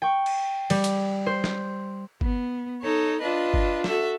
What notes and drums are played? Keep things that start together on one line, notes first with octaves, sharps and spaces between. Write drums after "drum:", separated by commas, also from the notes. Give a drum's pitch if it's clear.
G5 C#6
drum: cymbal
G3, drum: cymbal
drum: hi-hat
C5
drum: snare
B3, drum: kick
D#4 A4 C#5
D4 F4 B4 D#5
drum: kick
F#4 A4 E5, drum: snare